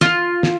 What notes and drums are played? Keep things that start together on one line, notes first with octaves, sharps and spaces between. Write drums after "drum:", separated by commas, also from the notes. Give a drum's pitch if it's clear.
F4, drum: snare
drum: snare